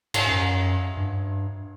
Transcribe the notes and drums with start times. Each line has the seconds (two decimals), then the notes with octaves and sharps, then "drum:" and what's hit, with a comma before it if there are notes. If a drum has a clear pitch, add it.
0.14 G#2, drum: cymbal
0.26 F#2
0.97 G2